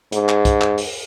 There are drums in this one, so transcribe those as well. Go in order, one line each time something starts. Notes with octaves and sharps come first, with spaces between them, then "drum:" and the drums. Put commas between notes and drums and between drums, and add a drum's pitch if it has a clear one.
G#2, drum: hi-hat
drum: clap
drum: kick, hi-hat
drum: clap
drum: open hi-hat